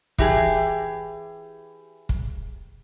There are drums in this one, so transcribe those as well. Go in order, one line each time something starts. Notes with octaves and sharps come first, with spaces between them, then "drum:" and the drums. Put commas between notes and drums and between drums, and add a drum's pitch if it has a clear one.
E3 G4 G#4, drum: kick
drum: kick